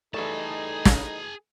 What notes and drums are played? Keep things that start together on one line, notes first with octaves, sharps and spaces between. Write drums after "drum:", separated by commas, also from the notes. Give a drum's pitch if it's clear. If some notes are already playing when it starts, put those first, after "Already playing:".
E3 G3 A3 D#4 G#4 A4 D#5 A5
drum: snare